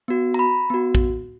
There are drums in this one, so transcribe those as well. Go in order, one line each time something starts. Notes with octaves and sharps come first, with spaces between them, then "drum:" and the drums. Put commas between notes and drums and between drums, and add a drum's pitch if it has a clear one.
B3 F#4
A#5
B5
B3 F#4
drum: kick